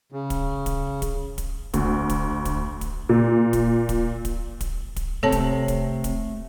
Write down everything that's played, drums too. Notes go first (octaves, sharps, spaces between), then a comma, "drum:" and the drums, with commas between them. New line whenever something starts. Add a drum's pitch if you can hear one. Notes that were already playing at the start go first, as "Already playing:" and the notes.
C#3
drum: kick, hi-hat
drum: kick, hi-hat
drum: kick, hi-hat
drum: kick, hi-hat
D2, drum: kick, hi-hat
drum: kick, hi-hat
drum: kick, hi-hat
drum: kick, hi-hat
A#2
drum: kick, hi-hat
drum: kick, hi-hat
drum: kick, hi-hat
drum: kick, hi-hat
drum: kick, hi-hat
C3 A3 A4 C#5 A5
drum: kick, hi-hat
drum: kick, hi-hat
drum: kick, hi-hat